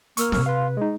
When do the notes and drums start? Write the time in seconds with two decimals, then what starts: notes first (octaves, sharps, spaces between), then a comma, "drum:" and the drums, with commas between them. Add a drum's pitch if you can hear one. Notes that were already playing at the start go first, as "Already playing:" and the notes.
0.17 A#3 C#6 E6 F6, drum: hi-hat
0.32 C3 C4, drum: snare C4
0.46 B4 F5 C6
0.77 G#3 D#4